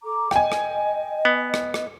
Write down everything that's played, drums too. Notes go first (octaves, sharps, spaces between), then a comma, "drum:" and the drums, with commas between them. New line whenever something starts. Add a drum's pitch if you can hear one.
A4 A#5 D6
D#5 G5 G#5, drum: rim click
drum: rim click
B3
drum: rim click
drum: rim click